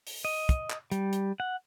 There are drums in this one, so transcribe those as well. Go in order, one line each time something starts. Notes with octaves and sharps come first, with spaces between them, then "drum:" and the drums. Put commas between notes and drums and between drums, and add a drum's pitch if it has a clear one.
drum: open hi-hat
D#5
drum: kick, hi-hat
drum: clap
G3, drum: hi-hat
drum: hi-hat
F#5